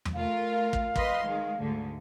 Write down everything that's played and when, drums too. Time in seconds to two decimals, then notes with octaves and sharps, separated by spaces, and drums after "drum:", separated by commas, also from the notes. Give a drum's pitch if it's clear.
0.05 drum: tom E2
0.16 A3 F4 A#4 F5
0.73 drum: kick
0.96 B4 D#5 C6, drum: kick
1.26 D#3 G#3
1.59 D2 G#2 D3